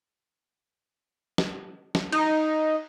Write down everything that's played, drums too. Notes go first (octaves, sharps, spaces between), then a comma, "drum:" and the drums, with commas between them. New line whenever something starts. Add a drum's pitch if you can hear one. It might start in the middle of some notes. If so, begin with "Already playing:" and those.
drum: snare
drum: snare
D#4, drum: cymbal